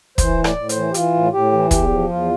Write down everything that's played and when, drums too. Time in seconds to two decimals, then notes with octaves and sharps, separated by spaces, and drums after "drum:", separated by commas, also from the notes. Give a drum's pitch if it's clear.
0.18 E3 C5, drum: kick, hi-hat
0.38 A2
0.44 D5, drum: rim click
0.56 A2
0.69 C5, drum: hi-hat
0.76 E3
0.91 G4
0.94 E3 F4, drum: hi-hat
1.14 A2
1.33 A2 G4
1.52 E3
1.71 E2 G4, drum: kick, hi-hat
1.90 F3
2.09 E2 F4